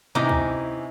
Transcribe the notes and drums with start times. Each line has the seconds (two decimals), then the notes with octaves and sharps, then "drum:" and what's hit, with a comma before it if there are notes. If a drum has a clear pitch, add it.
0.15 C3 E3 C#4 D#4 E4 B4 G#5 D6
0.29 drum: kick C#2